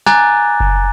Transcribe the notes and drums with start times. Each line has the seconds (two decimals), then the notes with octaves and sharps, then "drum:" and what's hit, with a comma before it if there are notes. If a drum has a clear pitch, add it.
0.07 G#5 A#5 D6 F#6 G#6 A6, drum: snare
0.60 drum: kick F#1